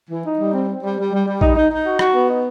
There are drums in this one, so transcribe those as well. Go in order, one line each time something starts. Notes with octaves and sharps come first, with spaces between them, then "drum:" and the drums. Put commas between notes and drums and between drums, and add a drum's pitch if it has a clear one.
E3
D#4
G3
C4
C4
G3
G3
G3
G3
D#4, drum: kick A#1
D#4
D#4
F#4
F#4, drum: rim click
B3
D#4